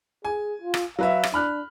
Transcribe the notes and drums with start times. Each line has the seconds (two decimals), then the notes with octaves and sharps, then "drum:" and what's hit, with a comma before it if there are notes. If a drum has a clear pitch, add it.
0.25 G#4 G#5
0.61 F4
0.74 drum: rim click
0.99 F#3 B4 E5 F5
1.23 drum: rim click
1.34 D4 B5 F6 F#6